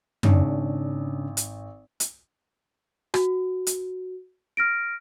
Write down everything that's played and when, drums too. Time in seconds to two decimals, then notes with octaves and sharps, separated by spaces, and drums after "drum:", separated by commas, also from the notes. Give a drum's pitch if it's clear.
0.23 G#1 C#3 C#4 D4, drum: tom F#2
1.37 drum: hi-hat
2.00 drum: hi-hat
3.14 F#4, drum: rim click
3.67 drum: hi-hat
4.57 F6 A#6 D7